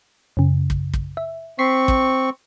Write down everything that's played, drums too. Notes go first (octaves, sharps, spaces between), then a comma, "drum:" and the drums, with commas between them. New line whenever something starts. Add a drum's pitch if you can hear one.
F#2 C#3
drum: kick
drum: kick
E5
C4 C#6 B6 C7
drum: kick